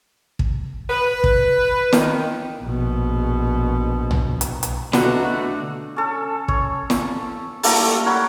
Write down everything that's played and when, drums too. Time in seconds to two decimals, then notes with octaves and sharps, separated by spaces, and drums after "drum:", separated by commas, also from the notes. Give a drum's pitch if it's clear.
0.39 drum: kick
0.90 B4
1.24 drum: kick
1.93 D#3, drum: snare
2.62 A#1 B2
4.11 drum: tom
4.41 drum: hi-hat
4.63 drum: hi-hat
4.93 B2 D3 A3 F#4 A4 D#5 A#5, drum: snare
5.96 C#4 A4
6.48 C#5, drum: kick
6.90 drum: snare
7.63 G3 A3 A#3 A4, drum: open hi-hat
8.06 A#4 C#5 F#5 B5